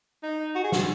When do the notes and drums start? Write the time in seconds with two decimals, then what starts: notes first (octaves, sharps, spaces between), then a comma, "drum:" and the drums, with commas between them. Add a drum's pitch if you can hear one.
0.23 D#4
0.55 F#4
0.64 G#4
0.72 F#4, drum: snare